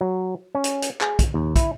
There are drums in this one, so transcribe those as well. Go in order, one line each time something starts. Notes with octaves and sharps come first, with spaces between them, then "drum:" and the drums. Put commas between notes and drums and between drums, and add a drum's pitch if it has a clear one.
F#3
C#4
drum: hi-hat
drum: hi-hat
G#4, drum: clap
drum: kick, hi-hat
D#2
E4, drum: kick, hi-hat